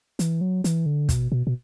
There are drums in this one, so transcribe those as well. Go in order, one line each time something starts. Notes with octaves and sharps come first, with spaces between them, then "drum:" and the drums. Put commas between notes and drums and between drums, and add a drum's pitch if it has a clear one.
E3, drum: hi-hat
F#3
E3, drum: hi-hat
D3
B2, drum: kick, hi-hat
B2
B2